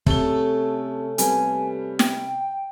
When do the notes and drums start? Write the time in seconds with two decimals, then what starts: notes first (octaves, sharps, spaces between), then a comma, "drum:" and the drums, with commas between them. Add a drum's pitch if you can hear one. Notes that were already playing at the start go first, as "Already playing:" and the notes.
0.07 C3 A3 C#4 A4 G7, drum: kick
1.18 C3 G3 B3 G#5, drum: hi-hat
1.99 G5, drum: snare